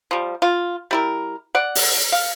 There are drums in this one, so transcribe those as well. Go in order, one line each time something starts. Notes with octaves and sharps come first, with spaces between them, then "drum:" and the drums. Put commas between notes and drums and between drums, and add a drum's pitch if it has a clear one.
F3 G3
F4
G3 E4 A#4
D5 F#5
drum: open hi-hat
F5